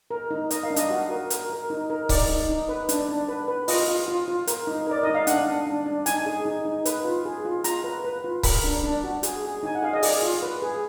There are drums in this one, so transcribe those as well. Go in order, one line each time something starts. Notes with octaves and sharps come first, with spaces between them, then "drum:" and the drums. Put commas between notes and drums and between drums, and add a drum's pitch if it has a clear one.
A#4
D#4
A#4 D#5, drum: hi-hat
F5
D4
D#5, drum: hi-hat
F#4
A#4
A#4, drum: hi-hat
A#4
D#4
A#4
D#4 D5, drum: kick C#1, open hi-hat
D#4
D#4
B4
D4, drum: hi-hat
D4
B4
B4
F4 D#5, drum: open hi-hat
F4
F4
F4
A#4, drum: hi-hat
D#4
A#4 D5
D#4 D#5
F5
D4 F#5, drum: hi-hat
D4
D4
D4
D#4 G#5, drum: hi-hat
G#4
D#4
D#4
B4, drum: hi-hat
F4
G#4
F4
F4 A#5, drum: hi-hat
B4
B4
F4
A#4 B5, drum: kick C#1, open hi-hat
D4
D4
F#4
G#4, drum: hi-hat
G#4
D#4 G#5
F#5
G#4 F5
D#5
G#4 D5, drum: open hi-hat
F4
B4
G#4